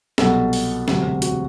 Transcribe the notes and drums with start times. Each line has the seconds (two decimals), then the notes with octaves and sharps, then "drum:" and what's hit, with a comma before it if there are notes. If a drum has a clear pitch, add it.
0.18 C2 B2 F#3 A4, drum: snare
0.53 drum: open hi-hat
0.88 E1 D2 C3 F#3 G4, drum: snare
1.22 F#4, drum: hi-hat